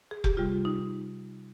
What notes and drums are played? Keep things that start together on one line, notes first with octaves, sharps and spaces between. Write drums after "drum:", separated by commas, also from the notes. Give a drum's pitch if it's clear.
G#4
G4, drum: kick F1
C3 G3 F4
D#4